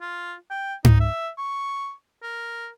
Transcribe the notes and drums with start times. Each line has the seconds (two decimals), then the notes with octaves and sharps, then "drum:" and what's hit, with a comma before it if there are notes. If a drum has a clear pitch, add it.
0.01 F4
0.50 G5
0.85 D#4, drum: tom G#2
1.00 E5
1.38 C#6
2.22 A#4